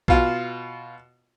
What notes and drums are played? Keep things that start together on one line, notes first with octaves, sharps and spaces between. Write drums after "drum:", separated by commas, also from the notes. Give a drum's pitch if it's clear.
B2 F4, drum: kick A#1